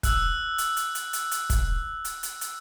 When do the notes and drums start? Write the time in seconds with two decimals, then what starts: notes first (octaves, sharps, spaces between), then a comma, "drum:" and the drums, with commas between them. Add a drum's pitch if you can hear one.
0.03 E6 F#6, drum: kick, hi-hat
0.58 drum: hi-hat
0.77 drum: hi-hat
0.95 drum: hi-hat
1.13 drum: hi-hat
1.31 drum: hi-hat
1.50 drum: kick, hi-hat
2.05 drum: hi-hat
2.23 drum: hi-hat
2.41 drum: hi-hat